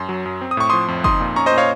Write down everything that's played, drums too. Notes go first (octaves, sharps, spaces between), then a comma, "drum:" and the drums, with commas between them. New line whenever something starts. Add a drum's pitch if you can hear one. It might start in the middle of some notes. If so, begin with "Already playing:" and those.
Already playing: F#2 C6
F#3
F#2
C4
D#6
A2 C#6
F3 C6 D#6
F2
D#4 C6 D#6, drum: kick F#1
A#2
C#4 A#5 C#6
C5 D#5
A#2
C#5 F5